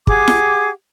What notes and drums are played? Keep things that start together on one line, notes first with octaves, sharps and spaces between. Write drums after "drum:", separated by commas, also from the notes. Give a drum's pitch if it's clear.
G4 G#4 F#5 D6, drum: kick
drum: snare